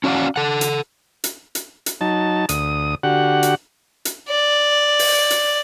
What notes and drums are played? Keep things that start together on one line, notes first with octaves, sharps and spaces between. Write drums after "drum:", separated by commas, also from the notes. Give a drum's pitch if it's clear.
C#4 F#4 D5 F5 F#5
A4 F#5
drum: hi-hat
drum: hi-hat
drum: hi-hat
drum: hi-hat
F#3 D#4 A5
D2 D#6, drum: hi-hat
D3 F#4 G4 F#5
drum: hi-hat
drum: hi-hat
D5
drum: open hi-hat
drum: hi-hat